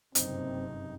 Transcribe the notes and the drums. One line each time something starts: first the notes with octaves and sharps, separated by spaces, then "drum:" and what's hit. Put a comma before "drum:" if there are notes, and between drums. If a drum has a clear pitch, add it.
F#1 G2 C3 C4 D#4, drum: hi-hat